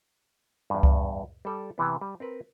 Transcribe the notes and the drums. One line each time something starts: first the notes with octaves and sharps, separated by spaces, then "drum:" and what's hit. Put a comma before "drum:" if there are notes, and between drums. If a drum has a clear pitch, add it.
E2 G2
drum: kick C#2
G3 A4 D5
C3 E3 B3
G3
C4 A#4 B4